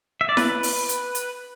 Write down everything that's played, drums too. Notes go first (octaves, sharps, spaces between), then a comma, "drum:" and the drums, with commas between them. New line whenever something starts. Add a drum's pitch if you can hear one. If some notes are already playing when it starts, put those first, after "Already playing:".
E5
D5
B4, drum: snare E4
drum: open hi-hat
drum: hi-hat
drum: hi-hat